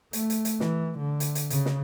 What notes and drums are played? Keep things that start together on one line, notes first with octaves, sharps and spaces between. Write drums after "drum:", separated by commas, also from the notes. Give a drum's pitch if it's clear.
A3, drum: hi-hat
drum: hi-hat
drum: hi-hat
E3, drum: snare
D3
drum: hi-hat
drum: hi-hat
C#3, drum: hi-hat
drum: snare